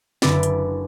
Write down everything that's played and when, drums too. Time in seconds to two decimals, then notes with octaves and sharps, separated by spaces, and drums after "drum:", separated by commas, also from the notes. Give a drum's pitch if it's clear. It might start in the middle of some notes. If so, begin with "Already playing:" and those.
0.22 F#1 D3 E4 B4 D6 A6, drum: snare
0.43 drum: hi-hat